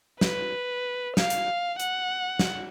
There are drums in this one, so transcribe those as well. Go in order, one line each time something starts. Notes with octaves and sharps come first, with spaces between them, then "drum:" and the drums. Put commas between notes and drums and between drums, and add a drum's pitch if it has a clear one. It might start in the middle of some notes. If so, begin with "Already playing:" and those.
B4, drum: snare
F5, drum: snare
drum: hi-hat
F#5, drum: hi-hat
drum: snare